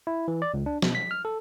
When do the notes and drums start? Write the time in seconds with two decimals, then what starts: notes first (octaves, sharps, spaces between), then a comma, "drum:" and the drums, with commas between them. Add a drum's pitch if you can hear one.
0.07 E4
0.28 E3
0.42 D5
0.54 C#2
0.66 D4
0.82 B2, drum: snare
0.95 B6
1.11 F6
1.25 A4